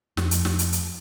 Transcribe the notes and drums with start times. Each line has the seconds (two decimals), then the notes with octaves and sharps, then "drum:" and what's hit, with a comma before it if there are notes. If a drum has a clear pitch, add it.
0.17 F2, drum: snare
0.31 drum: hi-hat
0.45 drum: snare
0.59 drum: hi-hat
0.73 drum: hi-hat